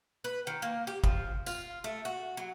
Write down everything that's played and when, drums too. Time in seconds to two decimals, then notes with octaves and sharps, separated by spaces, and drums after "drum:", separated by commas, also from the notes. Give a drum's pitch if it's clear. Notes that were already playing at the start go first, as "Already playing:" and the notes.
0.24 B4
0.47 D#3
0.62 A#3
0.87 G4
1.04 F3, drum: kick
1.46 F4, drum: tambourine
1.84 A3
2.05 F#4
2.37 F#3